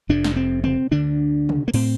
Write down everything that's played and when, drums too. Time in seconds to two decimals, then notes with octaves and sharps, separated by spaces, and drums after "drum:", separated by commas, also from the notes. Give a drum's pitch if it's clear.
0.09 F1 F2 C3 D4
0.24 drum: snare
0.36 C4
0.64 C4, drum: tom
0.91 D2 D3 D4
1.49 drum: tom
1.68 A#3
1.74 A2 C4, drum: cymbal